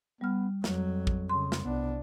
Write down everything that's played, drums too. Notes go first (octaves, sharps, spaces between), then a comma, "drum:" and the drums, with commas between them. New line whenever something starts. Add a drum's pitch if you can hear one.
G3 B3 F6
F2 F#3, drum: snare
drum: kick
C#3 C6
drum: snare
C2 B3 D4